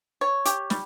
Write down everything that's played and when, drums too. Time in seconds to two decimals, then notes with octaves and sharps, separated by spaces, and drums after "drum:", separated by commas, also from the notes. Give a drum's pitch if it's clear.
0.21 C#5
0.45 G4, drum: hi-hat
0.70 G3, drum: snare